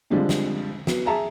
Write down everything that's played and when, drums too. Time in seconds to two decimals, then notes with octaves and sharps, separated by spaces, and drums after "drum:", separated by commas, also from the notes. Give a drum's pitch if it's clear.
0.10 D3 F3 G3 G#3 C4 D4
0.29 drum: snare
0.87 F#3 B3, drum: snare
1.06 G#4 E5 A5 A#5